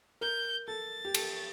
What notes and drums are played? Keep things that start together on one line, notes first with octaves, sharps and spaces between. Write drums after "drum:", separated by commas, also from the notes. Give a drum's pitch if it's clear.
A#4 G6
A4 A6
G4
A4, drum: cymbal